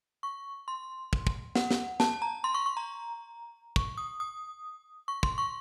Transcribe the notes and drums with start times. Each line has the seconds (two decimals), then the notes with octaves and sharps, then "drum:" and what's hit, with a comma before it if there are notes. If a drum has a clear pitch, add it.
0.23 C#6
0.68 C6
1.13 drum: kick
1.27 drum: kick
1.55 F#5, drum: snare
1.71 drum: snare
2.00 A5, drum: snare
2.22 A#5
2.44 C6
2.54 C#6
2.66 C#6
2.77 A#5
3.76 C#6, drum: kick
3.97 D#6
4.20 D#6
5.08 C#6
5.23 C6, drum: kick
5.38 C#6